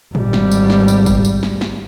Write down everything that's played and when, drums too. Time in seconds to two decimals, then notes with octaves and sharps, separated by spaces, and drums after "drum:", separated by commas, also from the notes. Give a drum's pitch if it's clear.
0.15 G#1 G3, drum: tom A2
0.33 drum: snare
0.51 drum: tambourine
0.70 drum: snare
0.88 drum: tambourine
1.06 drum: kick, tambourine
1.25 drum: tambourine
1.43 drum: snare
1.61 drum: snare